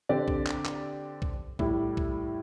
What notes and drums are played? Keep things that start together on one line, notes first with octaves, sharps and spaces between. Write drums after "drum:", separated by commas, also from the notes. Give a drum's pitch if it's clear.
D3 C4 G4 D5
drum: kick A#1
drum: clap
drum: clap
drum: kick A#1
A2 G3 E4, drum: kick A#1
drum: kick A#1